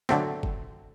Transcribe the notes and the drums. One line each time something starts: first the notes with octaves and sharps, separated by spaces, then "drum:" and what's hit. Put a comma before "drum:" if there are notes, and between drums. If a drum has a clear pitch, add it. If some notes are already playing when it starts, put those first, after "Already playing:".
D3 F#3 A3 C4, drum: snare
drum: kick F#1